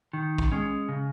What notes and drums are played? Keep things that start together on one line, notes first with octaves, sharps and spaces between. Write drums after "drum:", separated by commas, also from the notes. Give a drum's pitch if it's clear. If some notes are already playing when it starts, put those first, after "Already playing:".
D#3
drum: kick
G#3 C#4
C#3